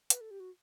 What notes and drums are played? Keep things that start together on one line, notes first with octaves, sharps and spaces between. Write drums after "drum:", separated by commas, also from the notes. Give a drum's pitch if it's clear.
B4, drum: hi-hat
A4
G4
F#4